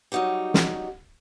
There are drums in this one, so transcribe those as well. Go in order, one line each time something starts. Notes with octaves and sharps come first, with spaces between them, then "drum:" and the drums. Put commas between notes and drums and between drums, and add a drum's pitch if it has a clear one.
F#3 G3 D#4 F#4 G4
drum: snare